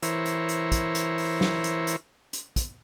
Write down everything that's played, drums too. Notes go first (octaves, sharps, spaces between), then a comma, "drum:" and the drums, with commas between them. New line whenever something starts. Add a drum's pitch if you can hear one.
E3 E4 A#4 C5 C#5, drum: hi-hat
drum: hi-hat
drum: hi-hat
drum: kick, hi-hat
drum: hi-hat
drum: open hi-hat
drum: snare
drum: hi-hat
drum: hi-hat
drum: hi-hat
drum: kick, hi-hat